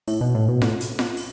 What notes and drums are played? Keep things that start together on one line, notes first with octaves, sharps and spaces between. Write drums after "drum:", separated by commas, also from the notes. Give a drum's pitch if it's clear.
A2, drum: open hi-hat
B2
A2
B2
A2, drum: snare F4
drum: hi-hat
drum: snare F4
drum: open hi-hat